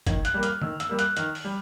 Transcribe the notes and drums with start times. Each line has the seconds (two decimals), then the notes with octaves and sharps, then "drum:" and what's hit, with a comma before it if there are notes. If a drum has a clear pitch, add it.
0.07 D#3 G#6, drum: kick, hi-hat
0.25 F#6, drum: hi-hat
0.34 G3 A#3
0.43 F6, drum: hi-hat
0.62 D#3 E6, drum: tom D3
0.80 E6, drum: hi-hat
0.89 G3 A#3
0.99 F#6, drum: hi-hat
1.17 D#3 F6, drum: hi-hat
1.35 drum: open hi-hat
1.45 G3